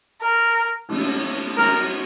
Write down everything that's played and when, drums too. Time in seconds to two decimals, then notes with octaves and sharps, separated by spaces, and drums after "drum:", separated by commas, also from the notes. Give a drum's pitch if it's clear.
0.21 A#4
0.88 drum: cymbal
1.57 A#4, drum: cymbal